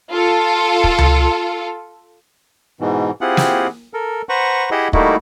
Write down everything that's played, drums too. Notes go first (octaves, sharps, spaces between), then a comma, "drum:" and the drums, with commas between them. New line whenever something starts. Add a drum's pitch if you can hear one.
F4 A4
drum: kick
drum: tom C#2
G#2 B2 E3
C4 E4 F4 G4 G#4 F#5
drum: snare
A4 A#4
B4 C5 F#5 A#5 C#6
E4 G4 G#4 D#5 E5 F#5
G3 A3 A#3 D#4 E4 F#4, drum: kick